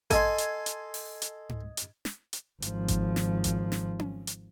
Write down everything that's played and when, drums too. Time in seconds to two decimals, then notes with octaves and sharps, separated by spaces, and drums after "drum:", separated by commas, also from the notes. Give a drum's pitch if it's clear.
0.10 A4 D#5 G#5 C6 G#6 D#7, drum: kick G#1, hi-hat
0.38 drum: hi-hat
0.66 drum: hi-hat
0.94 drum: open hi-hat
1.22 drum: hi-hat
1.49 drum: tom G#2
1.77 drum: hi-hat
2.05 drum: snare
2.33 drum: hi-hat
2.62 G#1 F3, drum: hi-hat
2.88 drum: kick G#1, hi-hat
3.16 drum: snare
3.44 drum: kick G#1, hi-hat
3.72 drum: snare
3.99 drum: tom C#4
4.27 drum: hi-hat